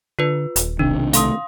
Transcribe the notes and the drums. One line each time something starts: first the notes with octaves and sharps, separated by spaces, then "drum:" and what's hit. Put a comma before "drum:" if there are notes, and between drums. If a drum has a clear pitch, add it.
D3 F4 B4
D#1, drum: hi-hat
B1 C3 D#3 D4
A3 F5 C6 D#6, drum: hi-hat